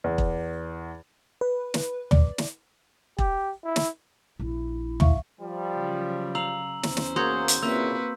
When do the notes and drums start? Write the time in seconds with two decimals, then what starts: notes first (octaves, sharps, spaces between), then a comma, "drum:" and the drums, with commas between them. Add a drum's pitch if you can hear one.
0.04 E2
0.18 drum: kick E1
1.41 B4
1.74 drum: snare
2.11 D5, drum: tom
2.38 drum: snare
3.18 G4, drum: kick E1
3.65 E4
3.76 drum: snare
4.39 A#1 E4
5.00 E5 F5 C#6, drum: tom
5.40 F3 G3
5.74 C#3 F#3
6.35 F5 A#5 E6 F#7
6.83 E2 C#4 C5, drum: snare
6.97 drum: snare
7.16 A#3 F#4 G#4 C#5 C6 G6
7.48 drum: hi-hat
7.62 A#2 C#3 A#3 C4 E4 F#4 B4 E6